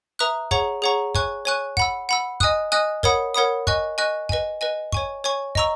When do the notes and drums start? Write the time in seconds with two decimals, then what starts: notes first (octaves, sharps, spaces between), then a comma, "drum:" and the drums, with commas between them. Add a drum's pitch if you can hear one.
0.19 B4 E5 A#5 D#6 F#6
0.51 G#4 C#5 F#5 A#5 C#6, drum: kick
0.82 G#4 C#5 F#5 A#5 C#6
1.15 C#5 G#5 C#6 F#6, drum: kick
1.45 C#5 G#5 C#6 F#6
1.77 F#5 B5 E6, drum: kick
2.09 F#5 B5 E6
2.40 D#5 G#5 D#6 F#6, drum: kick
2.72 D#5 G#5 D#6 F#6
3.03 A#4 C#5 F#5 B5 D#6, drum: kick
3.34 A#4 C#5 F#5 B5 D#6
3.67 D#5 G#5 C#6 F#6, drum: kick
3.98 D#5 G#5 C#6 F#6
4.29 B4 D#5 G#5, drum: kick
4.61 B4 D#5 G#5
4.93 C#5 G#5 C#6, drum: kick
5.24 C#5 G#5 C#6
5.55 D#5 A#5 C#6 E6, drum: kick